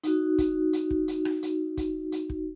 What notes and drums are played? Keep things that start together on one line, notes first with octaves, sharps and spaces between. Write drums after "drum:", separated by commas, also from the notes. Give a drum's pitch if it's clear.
D#4 F#4, drum: hi-hat
drum: kick, hi-hat
drum: hi-hat
drum: kick
drum: hi-hat
drum: rim click
drum: hi-hat
drum: kick, hi-hat
drum: hi-hat
drum: kick